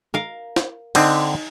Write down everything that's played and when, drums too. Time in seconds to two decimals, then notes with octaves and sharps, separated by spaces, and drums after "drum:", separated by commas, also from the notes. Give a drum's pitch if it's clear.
0.14 A#4 F5
0.56 drum: snare
0.95 D3 C4 D#4, drum: cymbal